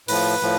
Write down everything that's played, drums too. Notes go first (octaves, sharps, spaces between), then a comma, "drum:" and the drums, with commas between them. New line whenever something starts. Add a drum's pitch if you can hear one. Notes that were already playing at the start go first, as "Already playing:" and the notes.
A2 F3 B4, drum: open hi-hat
A2 F3